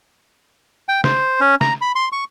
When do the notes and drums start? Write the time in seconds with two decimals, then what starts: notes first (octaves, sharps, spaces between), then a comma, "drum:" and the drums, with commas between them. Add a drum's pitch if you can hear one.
0.89 G5
1.04 C5, drum: snare
1.40 C#4
1.61 A#5, drum: snare
1.81 B5
1.95 C6
2.12 C#6